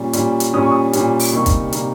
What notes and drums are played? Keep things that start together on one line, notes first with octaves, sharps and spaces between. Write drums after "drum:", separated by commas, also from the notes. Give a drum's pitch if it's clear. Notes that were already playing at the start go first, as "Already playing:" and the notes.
Already playing: A#2 G3 C#4
A#2 G3 C#4, drum: hi-hat
drum: hi-hat
A#2 G3 C#4 D#6
C#6
D#6
A#2 G3 C#4, drum: hi-hat
drum: open hi-hat
C3 G3 A#3 D#4 C#6
drum: kick, hi-hat
C3 G3 A#3 D#4, drum: hi-hat